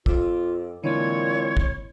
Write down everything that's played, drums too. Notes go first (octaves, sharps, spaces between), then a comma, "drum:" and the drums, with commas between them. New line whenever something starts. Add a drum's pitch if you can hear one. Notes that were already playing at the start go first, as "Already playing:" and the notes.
F2 F4 D6 E6, drum: kick
A#2 D3 E3 G#3 A#3 C4 E4 C#5
drum: kick